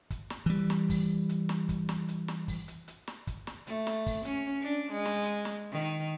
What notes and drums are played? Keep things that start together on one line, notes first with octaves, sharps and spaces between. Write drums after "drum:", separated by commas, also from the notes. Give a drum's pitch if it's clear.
drum: kick, hi-hat
drum: snare
E3 G3
drum: snare
drum: kick, open hi-hat
drum: hi-hat
drum: snare
drum: kick, hi-hat
drum: snare
drum: hi-hat
drum: snare
drum: kick, open hi-hat
drum: hi-hat
drum: hi-hat
drum: snare
drum: kick, hi-hat
drum: snare
A3, drum: hi-hat
drum: snare
drum: kick, open hi-hat
C#4, drum: hi-hat
D4
G#3
drum: snare
drum: hi-hat
drum: snare
D#3
drum: hi-hat